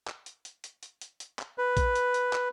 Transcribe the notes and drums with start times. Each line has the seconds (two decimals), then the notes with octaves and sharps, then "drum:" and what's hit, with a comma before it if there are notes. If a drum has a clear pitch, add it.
0.07 drum: clap
0.26 drum: hi-hat
0.45 drum: hi-hat
0.64 drum: hi-hat
0.83 drum: hi-hat
1.01 drum: hi-hat
1.20 drum: hi-hat
1.39 drum: clap
1.58 B4
1.77 drum: kick A#1, hi-hat
1.95 drum: hi-hat
2.14 drum: hi-hat
2.33 drum: clap